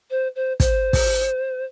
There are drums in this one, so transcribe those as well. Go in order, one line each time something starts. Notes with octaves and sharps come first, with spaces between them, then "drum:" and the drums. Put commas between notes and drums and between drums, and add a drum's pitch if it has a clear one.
C5
C5
C5, drum: kick, hi-hat
drum: kick, open hi-hat